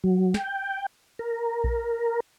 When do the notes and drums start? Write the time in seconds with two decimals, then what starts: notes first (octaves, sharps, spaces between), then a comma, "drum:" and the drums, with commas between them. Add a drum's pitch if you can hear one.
0.04 F#3
0.34 G5, drum: snare
1.19 A#4
1.64 drum: kick A#1